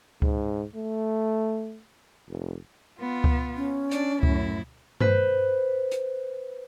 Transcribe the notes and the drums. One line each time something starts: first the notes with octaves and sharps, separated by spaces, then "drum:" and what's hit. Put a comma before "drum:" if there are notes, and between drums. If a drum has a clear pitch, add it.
G#2, drum: kick C#2
A3
F1
B3 F4
drum: kick C#2
C#4
D4 D5, drum: hi-hat
F#2 A2 E4, drum: kick C#2
B4 C5, drum: tom G2
drum: hi-hat